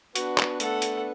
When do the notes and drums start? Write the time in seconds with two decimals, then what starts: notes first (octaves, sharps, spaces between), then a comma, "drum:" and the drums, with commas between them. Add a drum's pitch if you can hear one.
0.15 B3 D4 F#4 B4, drum: hi-hat
0.38 drum: clap
0.60 A3 A4 F#5, drum: hi-hat
0.82 drum: hi-hat